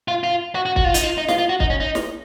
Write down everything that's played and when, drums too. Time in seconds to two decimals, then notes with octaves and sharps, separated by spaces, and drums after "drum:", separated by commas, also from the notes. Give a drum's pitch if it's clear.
0.08 F4
0.24 F4
0.55 F#4
0.66 F#4
0.76 F#4, drum: kick
0.85 F4
0.94 D#4, drum: hi-hat
1.03 F4
1.18 D#4
1.28 F4, drum: snare
1.39 F4
1.49 F#4
1.60 D#4, drum: kick
1.70 C#4
1.80 D#4
1.95 drum: snare